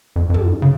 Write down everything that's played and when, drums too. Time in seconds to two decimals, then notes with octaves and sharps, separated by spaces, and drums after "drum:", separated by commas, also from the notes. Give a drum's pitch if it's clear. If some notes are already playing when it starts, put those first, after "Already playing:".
0.16 F2
0.30 F2
0.34 F#2, drum: tom
0.62 C#3